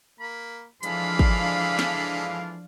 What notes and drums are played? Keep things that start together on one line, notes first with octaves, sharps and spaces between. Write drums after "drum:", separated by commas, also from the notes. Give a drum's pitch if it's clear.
A#3 B5
E3 F3 G#3 D4 A4 F5 B5, drum: hi-hat
drum: kick
drum: snare